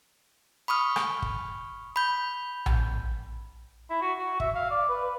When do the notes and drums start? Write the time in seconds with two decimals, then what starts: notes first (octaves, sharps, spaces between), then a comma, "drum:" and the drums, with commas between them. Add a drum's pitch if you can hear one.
0.68 B5 C#6 D#6 F6
0.96 drum: rim click
1.22 drum: kick G1
1.96 B5 G6
2.66 drum: tom A#1
3.90 E4
4.02 F#4
4.19 F#4
4.40 E5, drum: kick G1
4.55 F5
4.71 D5
4.89 B4
5.04 B4